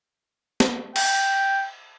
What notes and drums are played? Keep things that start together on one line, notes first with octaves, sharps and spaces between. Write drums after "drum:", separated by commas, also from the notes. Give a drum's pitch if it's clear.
drum: snare
G5, drum: cymbal